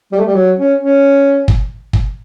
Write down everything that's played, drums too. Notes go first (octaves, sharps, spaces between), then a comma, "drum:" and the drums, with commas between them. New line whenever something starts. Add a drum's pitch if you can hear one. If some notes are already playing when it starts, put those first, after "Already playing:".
G3
A3
G3
F#3
C#4
C#4
drum: kick
drum: kick